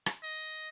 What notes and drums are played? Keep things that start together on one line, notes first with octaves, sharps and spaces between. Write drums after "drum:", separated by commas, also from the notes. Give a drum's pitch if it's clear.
drum: rim click
D#5